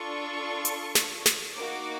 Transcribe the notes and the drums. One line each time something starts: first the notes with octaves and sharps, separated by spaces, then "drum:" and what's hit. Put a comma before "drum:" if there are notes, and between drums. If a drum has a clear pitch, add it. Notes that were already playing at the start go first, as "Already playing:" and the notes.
Already playing: D4 F4 A4 C#6
drum: hi-hat
drum: snare
drum: snare
A#3 D#4 F#4 D6